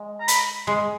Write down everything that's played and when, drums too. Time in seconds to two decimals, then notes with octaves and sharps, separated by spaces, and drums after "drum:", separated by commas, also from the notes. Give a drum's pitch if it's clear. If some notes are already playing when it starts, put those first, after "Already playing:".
Already playing: G#3
0.21 A#5
0.28 B5, drum: hi-hat
0.67 G#3 C6